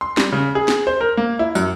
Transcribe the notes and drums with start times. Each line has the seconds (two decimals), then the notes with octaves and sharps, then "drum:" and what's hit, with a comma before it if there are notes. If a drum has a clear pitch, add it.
0.01 C6
0.17 G3, drum: snare
0.32 C#3
0.55 G#4
0.68 drum: snare
0.87 C5
1.01 A#4
1.17 A#3
1.39 E4
1.55 F#2, drum: tambourine